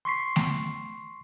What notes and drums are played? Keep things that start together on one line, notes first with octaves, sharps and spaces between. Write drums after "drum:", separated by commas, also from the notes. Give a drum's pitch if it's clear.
C6 C#6 B6 C7
drum: snare A3